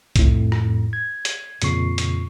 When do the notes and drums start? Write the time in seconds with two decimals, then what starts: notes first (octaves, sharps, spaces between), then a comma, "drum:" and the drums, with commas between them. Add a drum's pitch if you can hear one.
0.16 F2 A2, drum: kick B1, hi-hat
0.52 drum: rim click
0.93 G#6
1.25 drum: hi-hat
1.62 F2 A#2 C#3 C#6 C7, drum: hi-hat
1.98 drum: hi-hat